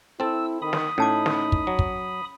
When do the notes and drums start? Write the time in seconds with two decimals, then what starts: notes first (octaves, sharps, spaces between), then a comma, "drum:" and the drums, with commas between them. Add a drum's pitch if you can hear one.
0.20 C4 E4 A4 E6
0.62 D#3 B5 D#6
0.73 drum: snare
0.98 A2 C#4 D#4 A5 D6
1.26 drum: snare
1.52 drum: kick
1.67 F#3
1.79 drum: kick